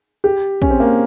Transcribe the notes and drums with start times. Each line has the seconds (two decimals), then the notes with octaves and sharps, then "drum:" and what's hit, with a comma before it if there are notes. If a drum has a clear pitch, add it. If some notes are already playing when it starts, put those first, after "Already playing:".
0.24 G4
0.62 C#4, drum: kick
0.70 C4
0.80 A#3